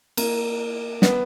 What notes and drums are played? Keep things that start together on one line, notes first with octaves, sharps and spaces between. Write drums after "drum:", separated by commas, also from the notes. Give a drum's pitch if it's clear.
A#3, drum: cymbal
B3, drum: snare